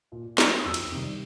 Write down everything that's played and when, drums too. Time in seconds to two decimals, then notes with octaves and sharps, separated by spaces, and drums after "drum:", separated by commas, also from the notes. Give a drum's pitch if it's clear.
0.12 A#2
0.38 F#3 A#3 D#4, drum: snare
0.58 D#6
0.65 F2 E6
0.74 drum: cymbal
0.92 C3 D#3 G3